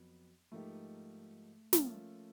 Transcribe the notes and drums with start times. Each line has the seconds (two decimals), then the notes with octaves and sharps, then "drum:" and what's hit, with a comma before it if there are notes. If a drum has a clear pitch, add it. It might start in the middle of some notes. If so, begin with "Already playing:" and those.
Already playing: F2 F#3 B3
0.52 G#2 F3 A3 A#3 D#4 G4
1.73 F3 A3 A#3 C#4 F4 A4, drum: snare